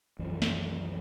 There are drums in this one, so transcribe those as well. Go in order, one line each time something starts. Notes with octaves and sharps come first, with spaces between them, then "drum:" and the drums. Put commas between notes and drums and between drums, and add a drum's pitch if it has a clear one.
C2 F#2 E3 F3
drum: snare